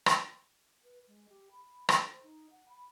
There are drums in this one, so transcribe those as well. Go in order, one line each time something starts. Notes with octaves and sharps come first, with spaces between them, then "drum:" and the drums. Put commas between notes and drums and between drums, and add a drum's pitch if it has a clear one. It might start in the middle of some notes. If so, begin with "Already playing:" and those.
drum: rim click
B4
G#3
G4
B5
A4, drum: rim click
C5
D#4
F#5
B5